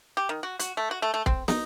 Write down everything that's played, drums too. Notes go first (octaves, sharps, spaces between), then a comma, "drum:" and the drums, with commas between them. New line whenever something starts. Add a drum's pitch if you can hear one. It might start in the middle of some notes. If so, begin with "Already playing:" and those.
G4
D#3
F#4
F#4, drum: hi-hat
A3
F#4
A3
A3
C4, drum: kick
D#4, drum: snare